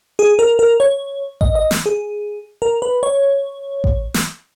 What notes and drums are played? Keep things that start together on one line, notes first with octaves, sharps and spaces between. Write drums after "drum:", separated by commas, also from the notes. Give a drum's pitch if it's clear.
G#4
A#4
A#4
C#5
D#5, drum: kick A1
D#5
drum: snare
G#4
A#4
B4
C#5
drum: kick A1
drum: snare